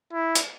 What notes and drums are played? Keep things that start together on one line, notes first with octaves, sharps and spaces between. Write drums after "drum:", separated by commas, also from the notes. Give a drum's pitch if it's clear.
E4
drum: hi-hat